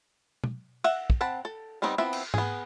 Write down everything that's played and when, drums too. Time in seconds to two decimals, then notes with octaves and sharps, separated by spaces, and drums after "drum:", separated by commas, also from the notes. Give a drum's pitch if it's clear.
0.44 drum: tom B2
0.84 E5 F#5, drum: cymbal
1.10 drum: kick
1.21 C4 F#5 A5 B5
1.45 A4
1.82 D#3 G3 B3 C4 D#4
1.98 F3 B3 C4 E4 E5
2.13 drum: cymbal
2.34 B3 G#4, drum: tom G#2